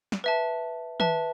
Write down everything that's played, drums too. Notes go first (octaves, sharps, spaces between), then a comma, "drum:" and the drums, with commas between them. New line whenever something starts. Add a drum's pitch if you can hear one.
drum: snare
B4 E5 A5
B4 E5 A5, drum: tom D#3